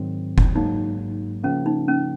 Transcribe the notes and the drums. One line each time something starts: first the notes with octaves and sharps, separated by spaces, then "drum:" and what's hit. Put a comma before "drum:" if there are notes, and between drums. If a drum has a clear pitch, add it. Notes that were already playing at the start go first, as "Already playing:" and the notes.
Already playing: G#2 D#3 F#3 C4
drum: kick F1
G#2 F#3 A#3 D#4
C#3 F3 A#3 C#4
D#4
C#4